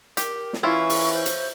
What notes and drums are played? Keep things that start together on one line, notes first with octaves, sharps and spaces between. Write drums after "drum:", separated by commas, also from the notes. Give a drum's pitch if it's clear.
G4 A#4, drum: hi-hat
drum: snare
E3 C#4 E4 F4 C#6
drum: open hi-hat
C5
drum: hi-hat